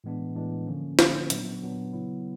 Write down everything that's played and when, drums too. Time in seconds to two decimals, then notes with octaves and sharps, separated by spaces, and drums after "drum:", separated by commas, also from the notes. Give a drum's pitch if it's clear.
0.04 A2 E3 G#3 B3 D4
0.35 A2 E3 G#3 B3 D4
0.67 D3 F3 A#3 C#4
0.99 D3 F3 A#3 C#4, drum: snare
1.30 A#2 F#3 B3 D4, drum: hi-hat
1.62 A#2 F#3 B3 D4
1.93 C#3 F#3 B3 E4